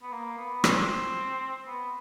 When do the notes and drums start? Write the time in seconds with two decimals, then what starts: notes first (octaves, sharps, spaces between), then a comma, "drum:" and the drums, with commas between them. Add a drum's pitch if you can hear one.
0.02 B3
0.12 A#3
0.38 B3
0.64 C4, drum: rim click
1.67 B3